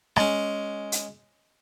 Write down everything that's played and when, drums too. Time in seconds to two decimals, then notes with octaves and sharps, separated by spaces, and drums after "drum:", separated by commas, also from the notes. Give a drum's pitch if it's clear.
0.16 G#3 C#4, drum: rim click
0.92 drum: hi-hat